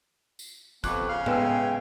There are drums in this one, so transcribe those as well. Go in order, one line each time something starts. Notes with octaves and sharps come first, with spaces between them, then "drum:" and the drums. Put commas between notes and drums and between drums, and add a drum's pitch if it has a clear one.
drum: tambourine
F2 B3 C#6 D6 F#6, drum: kick, tambourine
C#3 F5
G#3 B3 B4 G5 G#5 E6, drum: tom A2